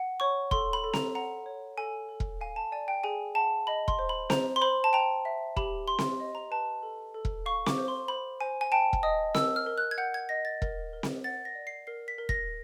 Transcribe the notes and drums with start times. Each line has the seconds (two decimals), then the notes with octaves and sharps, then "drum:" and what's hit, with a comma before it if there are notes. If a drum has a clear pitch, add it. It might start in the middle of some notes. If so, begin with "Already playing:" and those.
Already playing: F#5
0.20 C#5 C#6
0.51 A4 C6, drum: kick E1
0.73 B5
0.84 A4
0.94 A#5, drum: snare C4
1.15 F#5 A#5
1.46 C#5
1.78 A4 G#5
2.09 A4
2.20 drum: kick E1
2.41 F5 G#5
2.56 A5
2.72 D5 G#5
2.88 G5
3.04 G#4 G#5
3.35 F#5 A5
3.67 D#5 B5
3.88 C6, drum: kick E1
3.99 C5
4.09 B5
4.30 C5 A#5, drum: snare C4
4.56 C6
4.62 C5 B5
4.84 A5
4.93 G5 A#5
5.25 E5
5.56 G4 B5, drum: kick E1
5.88 G4 C6
5.99 drum: snare C4
6.20 D#5
6.35 A#5
6.51 B4 A5
6.83 A4
7.14 A4
7.25 drum: kick E1
7.46 F5 C#6
7.66 D6, drum: snare C4
7.78 C5
7.88 C6
8.08 C5 B5
8.41 C5 G#5
8.61 G#5
8.72 G5 A5
8.93 drum: kick E1
9.03 D#5 D#6
9.35 A#4 E6, drum: snare C4
9.56 F6
9.67 A#4
9.78 F#6
9.91 G#6
9.98 F#5 G6
10.14 G#6
10.29 D#5 A#6
10.45 A6
10.62 A#4, drum: kick E1
10.93 A#4
11.03 drum: snare C4
11.24 F#5 A6
11.45 A#6
11.55 D5
11.67 C7
11.87 A#4 C7
12.08 B6
12.18 A#4
12.29 A#6, drum: kick E1